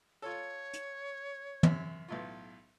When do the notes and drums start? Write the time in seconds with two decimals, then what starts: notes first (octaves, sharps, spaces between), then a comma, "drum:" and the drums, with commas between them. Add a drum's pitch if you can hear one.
0.22 F4 A4 C#5
0.73 drum: hi-hat
1.63 F#2 C3, drum: tom
2.08 B1 A2 F4